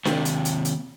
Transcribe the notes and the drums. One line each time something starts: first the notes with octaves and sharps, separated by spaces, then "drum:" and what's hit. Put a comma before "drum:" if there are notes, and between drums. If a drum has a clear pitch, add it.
D#2 C3, drum: snare D4
drum: hi-hat
drum: hi-hat
drum: hi-hat